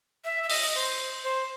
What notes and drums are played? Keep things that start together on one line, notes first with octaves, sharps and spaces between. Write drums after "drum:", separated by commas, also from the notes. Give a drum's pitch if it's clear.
E5
E5
D#5, drum: open hi-hat
C5
C5